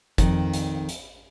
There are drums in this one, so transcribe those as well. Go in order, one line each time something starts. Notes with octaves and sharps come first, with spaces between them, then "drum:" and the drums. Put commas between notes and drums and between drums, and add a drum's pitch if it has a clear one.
F2 D#3, drum: kick F#1, hi-hat
drum: hi-hat
drum: hi-hat